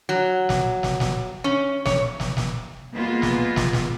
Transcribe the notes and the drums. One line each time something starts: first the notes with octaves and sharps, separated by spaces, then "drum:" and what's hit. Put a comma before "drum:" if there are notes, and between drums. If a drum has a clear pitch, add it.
F#3
drum: snare
drum: snare
drum: snare
C#4
C#5, drum: snare
drum: snare
drum: snare
G#3 A#3 B3 F4
drum: snare
drum: snare
drum: snare